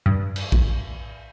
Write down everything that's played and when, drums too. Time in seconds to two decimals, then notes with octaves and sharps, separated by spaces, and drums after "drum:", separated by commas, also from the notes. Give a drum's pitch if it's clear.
0.06 G2
0.36 drum: cymbal
0.52 drum: kick A#1